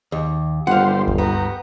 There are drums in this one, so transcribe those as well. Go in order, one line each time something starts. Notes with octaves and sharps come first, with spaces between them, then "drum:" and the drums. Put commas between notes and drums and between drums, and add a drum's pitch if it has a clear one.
D#2
G1 G3 C5 F5 F#5
drum: kick D2
G2 B3 A#5